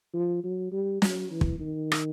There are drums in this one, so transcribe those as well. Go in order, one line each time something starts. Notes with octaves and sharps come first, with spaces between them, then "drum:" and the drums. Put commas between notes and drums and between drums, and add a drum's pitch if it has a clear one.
F3
F#3
G3
F#3, drum: snare
E3
drum: kick
D#3
drum: rim click